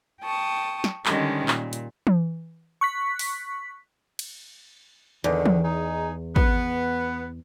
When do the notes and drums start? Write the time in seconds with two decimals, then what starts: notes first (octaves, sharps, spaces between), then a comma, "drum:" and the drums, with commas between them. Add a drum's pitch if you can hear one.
0.23 G5 A5 C#6 D#6
0.84 drum: snare
1.06 D3 D#3 G3 G#3 C#4, drum: clap
1.48 A#2, drum: clap
1.73 drum: hi-hat
2.07 drum: tom E3
2.81 C#6 F#6 B6
3.19 drum: open hi-hat
4.19 drum: cymbal
5.24 E2 D3 D#3
5.46 drum: tom E3
5.65 D#4 G#4
6.36 B3, drum: kick